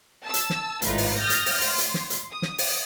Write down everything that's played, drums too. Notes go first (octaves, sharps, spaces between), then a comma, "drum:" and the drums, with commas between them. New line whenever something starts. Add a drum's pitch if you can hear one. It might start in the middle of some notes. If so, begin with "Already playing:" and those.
A5 E6
drum: hi-hat
drum: snare
G#1 A2 D#4 F4 B4, drum: hi-hat
drum: open hi-hat
D#6 F6 G6 A6 A#6
drum: hi-hat
drum: open hi-hat
C6, drum: open hi-hat
drum: hi-hat
drum: snare
drum: hi-hat
D#6
drum: snare
drum: open hi-hat